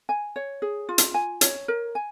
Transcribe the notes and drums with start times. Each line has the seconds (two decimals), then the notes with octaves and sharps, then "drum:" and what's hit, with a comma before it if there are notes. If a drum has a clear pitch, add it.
0.09 G#5
0.36 C#5
0.62 G#4
0.89 F4
0.98 drum: hi-hat
1.14 G#5
1.41 C#5, drum: hi-hat
1.68 A#4
1.95 G#5